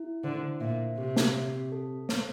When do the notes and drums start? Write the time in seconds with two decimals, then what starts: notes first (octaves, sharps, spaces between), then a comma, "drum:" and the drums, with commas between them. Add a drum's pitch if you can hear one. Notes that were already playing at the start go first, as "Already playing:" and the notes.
Already playing: E4
0.24 D3 C5
0.60 A#2 E5
0.98 C3 G4
1.16 drum: snare
1.35 C4
1.72 A4
2.09 C5, drum: snare